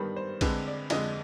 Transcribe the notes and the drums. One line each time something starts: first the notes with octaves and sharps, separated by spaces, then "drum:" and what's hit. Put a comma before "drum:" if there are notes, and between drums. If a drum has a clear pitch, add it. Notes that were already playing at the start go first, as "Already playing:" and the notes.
Already playing: G2 D#3 G3 B3 B5
C5
D3 G#3 C4 B4, drum: kick A#1, cymbal
D5
F2 D3 G#3 D#5, drum: cymbal